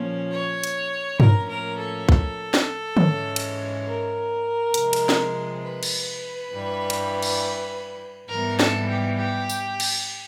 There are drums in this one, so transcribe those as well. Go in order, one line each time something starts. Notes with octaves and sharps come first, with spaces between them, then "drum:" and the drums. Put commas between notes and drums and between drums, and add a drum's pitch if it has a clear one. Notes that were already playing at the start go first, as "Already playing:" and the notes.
Already playing: A#2 F3 A#3 C#4
C#5
drum: hi-hat
A2 F3 A#3 C#4 A#4, drum: tom G2
A#4
A4
drum: kick
drum: snare
G#2 E3 G#3 C#4, drum: tom D3
drum: cymbal
A#4
C3 F3 G#3, drum: hi-hat
drum: cymbal
drum: snare
B4
drum: cymbal
G2 E3 G3
drum: cymbal
drum: cymbal
G#2 E3 G3 B3 A#4
A4, drum: snare
G4
G4
drum: tambourine
drum: cymbal